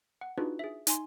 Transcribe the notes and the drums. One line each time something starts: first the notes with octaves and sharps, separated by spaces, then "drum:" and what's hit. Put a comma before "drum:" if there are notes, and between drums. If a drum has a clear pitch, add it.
F#5
D4 D#4 F4 F#4 G#4 B4
G#4 E5
D#4 G#5 C6, drum: hi-hat